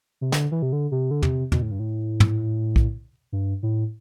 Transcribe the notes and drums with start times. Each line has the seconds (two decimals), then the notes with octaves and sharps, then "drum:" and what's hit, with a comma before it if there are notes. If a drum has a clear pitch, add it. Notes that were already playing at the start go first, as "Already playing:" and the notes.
0.21 C3
0.32 D3, drum: snare
0.52 E3
0.62 C3
0.73 D3
0.91 C3
1.11 D3
1.22 C3, drum: tom
1.52 B2, drum: tom
1.62 A2
1.71 G2
1.80 A2
2.20 drum: tom
2.76 drum: kick B1
3.32 G2
3.63 A2